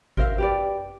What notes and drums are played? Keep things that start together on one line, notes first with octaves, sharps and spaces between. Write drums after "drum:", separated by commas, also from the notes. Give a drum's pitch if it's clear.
A#4 C5 E5 F5, drum: kick G#1
G4 B4 D5